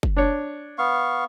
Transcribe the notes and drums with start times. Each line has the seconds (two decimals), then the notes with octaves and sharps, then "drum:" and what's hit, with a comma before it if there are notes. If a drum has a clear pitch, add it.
0.03 drum: kick
0.17 D4 C#5
0.78 B3 F5 C#6